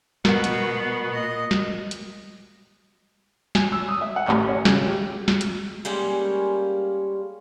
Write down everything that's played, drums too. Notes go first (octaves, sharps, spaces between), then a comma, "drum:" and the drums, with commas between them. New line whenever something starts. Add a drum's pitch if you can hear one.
B2 B3 A#4 F#5, drum: snare
drum: hi-hat
A#2 D#5
drum: snare
drum: hi-hat
G#5, drum: snare
E6
D#6
E5
F#5
A1, drum: clap
C#5
C#3, drum: snare
G4
drum: snare
drum: hi-hat
G3 G#3 A#3 C#4, drum: cymbal